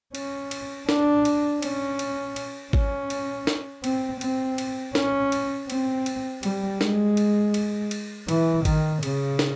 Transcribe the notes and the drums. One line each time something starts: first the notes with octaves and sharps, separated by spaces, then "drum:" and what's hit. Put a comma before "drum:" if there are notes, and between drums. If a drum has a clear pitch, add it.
C#4, drum: cymbal
drum: cymbal
D4, drum: snare
drum: cymbal
C#4, drum: cymbal
drum: cymbal
drum: cymbal
C#4, drum: kick G#1
drum: cymbal
drum: snare
C4, drum: cymbal
C4, drum: cymbal
drum: cymbal
C#4, drum: snare
drum: cymbal
C4, drum: cymbal
drum: cymbal
G3, drum: cymbal
G#3, drum: snare
drum: cymbal
drum: cymbal
drum: cymbal
E3, drum: cymbal
D#3, drum: kick G#1, cymbal
C#3, drum: cymbal
drum: snare